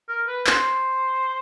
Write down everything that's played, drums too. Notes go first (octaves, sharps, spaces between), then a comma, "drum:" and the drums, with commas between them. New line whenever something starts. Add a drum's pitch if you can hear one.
A#4
B4
C5, drum: clap